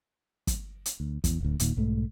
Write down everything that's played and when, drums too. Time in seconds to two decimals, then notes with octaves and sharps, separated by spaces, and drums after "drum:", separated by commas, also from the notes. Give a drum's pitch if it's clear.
0.47 drum: kick, hi-hat
0.86 drum: hi-hat
1.00 D2
1.24 E2, drum: kick, hi-hat
1.40 D1 D2
1.60 D#1 D#2 A#2 D#3, drum: hi-hat
1.77 B1 G#2 A3